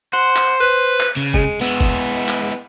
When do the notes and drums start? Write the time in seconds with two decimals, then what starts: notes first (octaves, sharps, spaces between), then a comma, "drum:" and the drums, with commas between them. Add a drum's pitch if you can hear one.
0.13 C5 F#5
0.36 drum: clap
0.61 B4
1.00 drum: clap
1.16 C#3
1.34 G#3, drum: kick
1.61 G#3 B3 E4
1.81 drum: kick
2.29 drum: clap